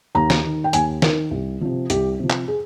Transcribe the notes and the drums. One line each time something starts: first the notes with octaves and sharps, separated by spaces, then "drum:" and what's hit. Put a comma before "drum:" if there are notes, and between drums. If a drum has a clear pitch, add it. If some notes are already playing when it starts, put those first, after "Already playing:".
D#2 A#5
drum: snare
D#3
G5
D#2 G#5, drum: hi-hat
D#3 A#4, drum: snare
C2
C3 F3
C2 G4, drum: hi-hat
C3 F3
drum: clap
G#4